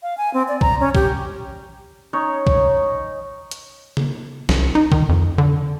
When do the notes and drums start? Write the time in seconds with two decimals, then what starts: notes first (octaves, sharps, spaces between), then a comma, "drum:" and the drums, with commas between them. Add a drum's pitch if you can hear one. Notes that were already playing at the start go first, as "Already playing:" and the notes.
0.03 F5
0.18 G#5
0.34 C4
0.48 D5
0.61 A#5, drum: kick B1
0.80 C#4
0.95 G4, drum: kick B1
2.13 C#4 D#4 C#5
2.47 drum: kick B1
3.51 drum: hi-hat
3.97 drum: tom C#3
4.49 C2, drum: snare
4.75 D#4
4.92 D#3, drum: kick B1
5.09 F2
5.38 D3